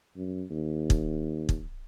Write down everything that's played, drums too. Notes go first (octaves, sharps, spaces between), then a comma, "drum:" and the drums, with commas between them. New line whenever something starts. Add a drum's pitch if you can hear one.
F#2
D#2
drum: kick
drum: kick